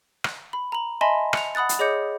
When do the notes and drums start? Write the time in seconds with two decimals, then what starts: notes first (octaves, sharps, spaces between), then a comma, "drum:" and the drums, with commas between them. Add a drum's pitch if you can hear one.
0.24 drum: rim click
0.53 B5
0.72 A#5 F#7
1.01 D#5 E5 G#5 A5 B5 C6
1.33 C#7 F7, drum: rim click
1.55 F#5 B5 D#6 F#6 A6
1.69 drum: hi-hat
1.79 G#4 C#5 D#5 D6 G6 C#7